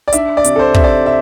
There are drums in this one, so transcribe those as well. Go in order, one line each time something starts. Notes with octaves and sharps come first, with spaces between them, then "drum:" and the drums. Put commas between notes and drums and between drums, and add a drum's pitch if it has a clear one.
D5
D4 E5, drum: hi-hat
D5
C3, drum: hi-hat
A4
C5
C3 E5, drum: kick
D5
E5